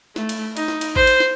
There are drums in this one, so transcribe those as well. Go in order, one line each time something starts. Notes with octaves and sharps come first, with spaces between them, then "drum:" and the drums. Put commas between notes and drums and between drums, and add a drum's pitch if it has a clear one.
A3, drum: snare
drum: cymbal
D#4, drum: cymbal
drum: snare
drum: cymbal
C5, drum: kick
drum: cymbal
drum: snare